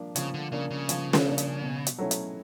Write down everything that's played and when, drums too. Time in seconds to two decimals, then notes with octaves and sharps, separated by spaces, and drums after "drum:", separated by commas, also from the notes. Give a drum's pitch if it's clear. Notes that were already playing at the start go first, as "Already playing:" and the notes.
Already playing: F3 A#3 D4
0.16 C#3 F3, drum: hi-hat
0.34 D3
0.52 C#3 A#3 D4
0.70 C#3
0.89 F3, drum: hi-hat
1.13 drum: snare
1.26 A#3 D4
1.38 drum: hi-hat
1.62 B2
1.87 drum: hi-hat
1.98 F#3 A3 C#4 E4
2.11 drum: hi-hat